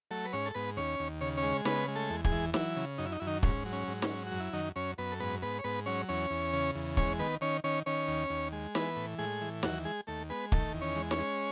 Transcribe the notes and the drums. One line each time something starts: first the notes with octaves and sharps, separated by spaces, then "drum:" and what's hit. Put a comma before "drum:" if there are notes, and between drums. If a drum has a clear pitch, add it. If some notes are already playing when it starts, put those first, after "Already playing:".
F#3 A3 A4
B4
G#2 C#4 C#5
A4
G#2 B3 B4
D#2 C#4 C#5
D#2
C#3 C#5
C#4 C#5
G#3
C#3 B3 B4, drum: snare
G#3
A3 A4
E2
G#3 G#4, drum: kick
E3
E3 F#3 E4, drum: snare
C#3
F#2 D#4
E4
D#4
F#2 E4
D#3 D#4
G#2 C#4, drum: kick
F#3
C#4
G#2
C#4, drum: snare
F#3
F#2 F#4
E4
F#2 D#3 D#4
F#2 C#4 C#5
F#2 B3 B4
A4
G#2 B3 B4
G#2 B3 B4
C#5
G#2 B3 B4
F#3 C#4 C#5
E2 C#4 C#5
E2
C#3
E2
G#3 C#4 C#5, drum: kick
D#3 B3 B4
D#3 C#4 C#5
D#3 C#4 C#5
D#3 C#4 C#5
D#2
D#2
G#3
E3 B3 B4, drum: snare
A2
A2 G#3 G#4
E3
D#2 F#3 F#4, drum: snare
G#3 G#4
D#2 A3 A4
G#3 B3 B4
D#3 A3 A4, drum: kick
E2
C#4 C#5
G#3
C#4 C#5, drum: snare
G#3